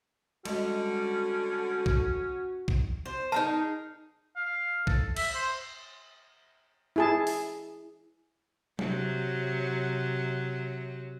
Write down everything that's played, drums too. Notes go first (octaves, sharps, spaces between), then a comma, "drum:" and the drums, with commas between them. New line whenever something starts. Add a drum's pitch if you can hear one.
D3 G3 G#3 C#4 F#4 D#5, drum: cymbal
drum: kick
drum: kick
C5
D#4 G#4 A#4 A5
F5
A4, drum: kick
E5, drum: cymbal
C5
E4 G#4 A5
drum: open hi-hat
C3 F#3, drum: tom F#3